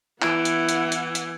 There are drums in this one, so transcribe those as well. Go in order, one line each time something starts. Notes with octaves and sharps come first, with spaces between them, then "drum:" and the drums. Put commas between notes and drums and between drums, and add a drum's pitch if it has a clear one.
E3 B3 E4 F#5 G#6 D7, drum: clap
drum: hi-hat
drum: hi-hat
drum: hi-hat
drum: hi-hat